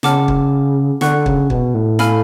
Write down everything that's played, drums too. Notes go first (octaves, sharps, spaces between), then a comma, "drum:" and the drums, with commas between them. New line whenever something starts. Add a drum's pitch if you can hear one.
C#3 F#5 A5 D6 F6, drum: snare
drum: kick
D3 F#5 C#6 F#6, drum: snare
C#3, drum: kick
B2, drum: kick
A2
A4 F5 G#5 B5 F6, drum: snare